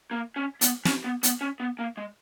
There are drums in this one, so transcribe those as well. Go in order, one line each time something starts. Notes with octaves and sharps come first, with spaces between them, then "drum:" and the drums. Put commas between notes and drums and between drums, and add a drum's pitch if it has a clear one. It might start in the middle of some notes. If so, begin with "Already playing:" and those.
A#3
C#4
B3, drum: hi-hat
C#4, drum: snare
B3
B3, drum: hi-hat
C#4
B3
A#3
G#3